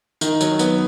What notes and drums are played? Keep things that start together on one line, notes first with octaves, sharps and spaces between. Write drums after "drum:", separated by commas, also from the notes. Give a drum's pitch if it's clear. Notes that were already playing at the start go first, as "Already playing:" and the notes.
D#3, drum: tambourine
F#3, drum: tambourine
B3, drum: tambourine